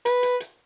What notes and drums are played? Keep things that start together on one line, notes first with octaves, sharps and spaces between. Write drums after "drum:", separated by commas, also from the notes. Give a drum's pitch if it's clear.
B4, drum: hi-hat
drum: hi-hat
drum: hi-hat